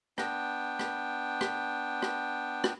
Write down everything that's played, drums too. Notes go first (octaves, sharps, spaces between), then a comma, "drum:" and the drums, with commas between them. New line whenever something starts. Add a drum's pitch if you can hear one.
B3 D4 G5, drum: rim click
drum: rim click
drum: rim click
drum: rim click
drum: rim click